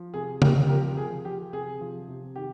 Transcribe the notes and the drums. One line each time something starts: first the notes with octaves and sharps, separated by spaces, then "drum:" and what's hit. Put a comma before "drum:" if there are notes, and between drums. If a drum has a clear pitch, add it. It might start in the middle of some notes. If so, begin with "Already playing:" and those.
Already playing: F3
C3 G#4
C3 G4 A#4, drum: tom C#3
F3 G4 A#4
F3 G#4
F3 G4
C3 G#4
F3
C3
D#3 G4